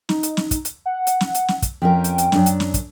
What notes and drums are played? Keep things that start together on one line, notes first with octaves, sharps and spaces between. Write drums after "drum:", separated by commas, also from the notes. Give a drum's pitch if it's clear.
D#4, drum: snare
drum: hi-hat
drum: snare
drum: kick, hi-hat
drum: hi-hat
F#5
drum: hi-hat
drum: snare
drum: hi-hat
drum: snare
drum: kick, hi-hat
F2 C#4 A#4 G5
drum: hi-hat
drum: hi-hat
F#2 D4, drum: snare
drum: hi-hat
drum: snare
drum: kick, hi-hat